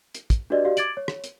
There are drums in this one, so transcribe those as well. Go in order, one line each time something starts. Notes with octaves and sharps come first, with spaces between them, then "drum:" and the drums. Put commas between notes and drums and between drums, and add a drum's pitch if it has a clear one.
drum: hi-hat
drum: kick, hi-hat
D4 F#4 G4 B4 D5 D#5
F#4 G4 D5 D#5 F5
D6 G#6 A6 D7 F#7, drum: hi-hat
C#5
drum: rim click
drum: hi-hat